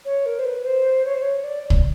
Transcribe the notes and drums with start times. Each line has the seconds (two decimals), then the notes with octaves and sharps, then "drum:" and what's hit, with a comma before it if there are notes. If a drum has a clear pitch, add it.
0.05 C#5
0.26 A#4
0.39 C5
0.45 B4
0.65 C5
1.05 C#5
1.14 C5
1.22 C#5
1.44 D5
1.70 drum: kick